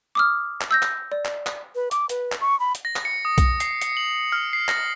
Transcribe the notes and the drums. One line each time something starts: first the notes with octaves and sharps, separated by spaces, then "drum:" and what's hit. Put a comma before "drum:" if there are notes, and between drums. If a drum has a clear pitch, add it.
D6 D#6 F6
drum: clap
E6 G6 A#6
drum: clap
D5
drum: clap
drum: clap
B4
D6, drum: hi-hat
B4, drum: hi-hat
drum: clap
C#6
B5
drum: hi-hat
A#6
drum: clap
C#7
D#6
C#7, drum: kick B1, hi-hat
C7, drum: hi-hat
C#7, drum: hi-hat
F#7
F6
C7
A#6, drum: clap